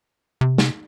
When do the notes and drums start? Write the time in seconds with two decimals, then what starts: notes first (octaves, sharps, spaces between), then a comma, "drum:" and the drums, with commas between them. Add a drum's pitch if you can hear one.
0.41 C3
0.58 drum: snare